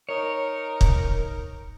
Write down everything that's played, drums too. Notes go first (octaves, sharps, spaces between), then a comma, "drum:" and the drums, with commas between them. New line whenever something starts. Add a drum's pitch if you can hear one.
D#4 A#4 C#5
drum: kick